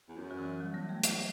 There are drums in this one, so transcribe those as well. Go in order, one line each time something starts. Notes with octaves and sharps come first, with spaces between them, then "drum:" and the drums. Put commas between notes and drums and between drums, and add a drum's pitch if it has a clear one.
E2
F#2
F#3
E3
F#3
G3
B3
A3
F#3, drum: hi-hat